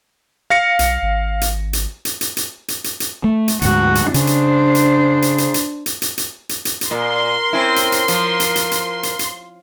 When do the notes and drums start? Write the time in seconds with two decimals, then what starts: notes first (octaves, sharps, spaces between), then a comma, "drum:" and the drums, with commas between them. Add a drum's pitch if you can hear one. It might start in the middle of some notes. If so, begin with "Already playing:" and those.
0.50 F5 A#6 C#7
0.79 B1, drum: hi-hat
1.02 G#1
1.41 drum: hi-hat
1.73 drum: hi-hat
2.05 drum: hi-hat
2.21 drum: hi-hat
2.37 drum: hi-hat
2.68 drum: hi-hat
2.84 drum: hi-hat
3.00 drum: hi-hat
3.24 A3
3.48 drum: hi-hat
3.62 D2 G#2 F#4, drum: hi-hat
3.95 drum: hi-hat
4.14 C#3 D4 C5, drum: hi-hat
4.27 drum: hi-hat
4.75 drum: hi-hat
5.22 drum: hi-hat
5.38 drum: hi-hat
5.54 drum: hi-hat
5.86 drum: hi-hat
6.02 drum: hi-hat
6.18 drum: hi-hat
6.49 drum: hi-hat
6.65 drum: hi-hat
6.81 drum: hi-hat
6.91 A#2 A#4 C6
7.53 C4 C#4 E4
7.76 drum: hi-hat
7.92 drum: hi-hat
8.08 F3, drum: hi-hat
8.40 drum: hi-hat
8.56 drum: hi-hat
8.71 drum: hi-hat
9.03 drum: hi-hat
9.19 drum: hi-hat